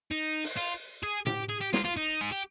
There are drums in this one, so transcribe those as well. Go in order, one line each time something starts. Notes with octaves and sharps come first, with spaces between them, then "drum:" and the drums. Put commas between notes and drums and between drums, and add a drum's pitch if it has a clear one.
D#4
drum: open hi-hat
F4
G#4
G4, drum: tom A2
G#4
G4
F4, drum: snare
F4
D#4
G#4
G4